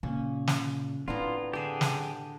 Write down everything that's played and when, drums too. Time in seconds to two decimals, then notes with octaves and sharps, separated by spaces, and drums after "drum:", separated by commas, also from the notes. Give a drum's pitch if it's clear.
0.03 A#2 C#3 C#4
0.47 drum: snare
1.08 A2 A3 B3 C4 D4 E4 F4 A#5
1.53 D3 G4 G#4 E5
1.81 drum: snare